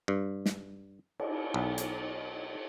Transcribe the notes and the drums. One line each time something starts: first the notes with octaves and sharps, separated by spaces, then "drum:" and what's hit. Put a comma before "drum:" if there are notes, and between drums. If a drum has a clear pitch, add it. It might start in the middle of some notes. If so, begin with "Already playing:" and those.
G2
drum: snare
drum: cymbal
B1
drum: hi-hat